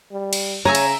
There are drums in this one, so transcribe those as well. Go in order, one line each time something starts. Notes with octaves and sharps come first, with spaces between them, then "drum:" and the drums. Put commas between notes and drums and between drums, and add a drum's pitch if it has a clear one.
G3
drum: cymbal
C#3 C#5 E5 G#5 A#5
drum: cymbal